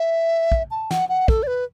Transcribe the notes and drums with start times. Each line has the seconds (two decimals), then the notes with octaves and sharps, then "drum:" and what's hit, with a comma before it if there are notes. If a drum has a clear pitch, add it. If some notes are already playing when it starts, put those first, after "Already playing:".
Already playing: E5
0.52 drum: kick
0.71 A5
0.91 F#5, drum: snare
1.09 F#5
1.28 A4, drum: kick
1.43 D5
1.47 B4